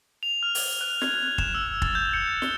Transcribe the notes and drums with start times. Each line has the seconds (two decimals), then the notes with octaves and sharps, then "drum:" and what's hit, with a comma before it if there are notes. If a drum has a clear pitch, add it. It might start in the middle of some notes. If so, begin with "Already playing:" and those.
0.23 F7
0.43 F6
0.55 drum: open hi-hat
0.81 F#6
1.02 G#6, drum: snare
1.15 F#6
1.38 E7, drum: kick
1.55 E6
1.82 A6, drum: kick
1.95 G6
2.14 C#7
2.28 A6
2.42 G7, drum: snare